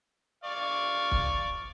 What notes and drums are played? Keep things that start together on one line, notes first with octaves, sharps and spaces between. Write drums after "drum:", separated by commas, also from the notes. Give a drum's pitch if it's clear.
D5 F5 C#6
drum: kick